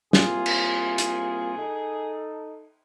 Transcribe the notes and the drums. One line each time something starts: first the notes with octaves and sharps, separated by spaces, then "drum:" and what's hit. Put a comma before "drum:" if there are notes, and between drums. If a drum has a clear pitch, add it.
C2 A#3 F4 G#4, drum: snare
drum: cymbal
drum: hi-hat
D#4 A4